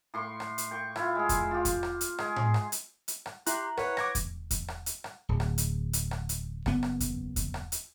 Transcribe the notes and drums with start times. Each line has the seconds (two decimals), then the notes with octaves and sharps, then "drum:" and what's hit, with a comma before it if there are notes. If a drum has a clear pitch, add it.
0.14 A2 C6 C#6
0.40 drum: rim click
0.58 drum: hi-hat
0.71 G5 C#6
0.96 E4 F4, drum: rim click
1.15 G#3 G#4
1.29 drum: kick E2, hi-hat
1.51 F4 G4
1.65 drum: kick E2, hi-hat
1.83 drum: rim click
2.01 drum: hi-hat
2.18 G#3 G#4, drum: rim click
2.36 drum: tom A2
2.54 drum: rim click
2.72 drum: hi-hat
3.08 drum: hi-hat
3.26 drum: rim click
3.46 E4 G4 G5 A#5 C6 F#6, drum: hi-hat
3.77 B4 C#5 F#5, drum: rim click
3.97 D6 G#6 A#6, drum: rim click
4.15 drum: kick E2, hi-hat
4.51 drum: kick E2, hi-hat
4.68 drum: rim click
4.86 drum: hi-hat
5.04 drum: rim click
5.29 D1
5.40 drum: rim click
5.58 drum: hi-hat
5.93 drum: hi-hat
6.11 drum: rim click
6.29 drum: hi-hat
6.66 F#1 B3, drum: rim click
6.83 drum: rim click
7.00 drum: kick E2, hi-hat
7.36 drum: kick E2, hi-hat
7.54 drum: rim click
7.72 drum: hi-hat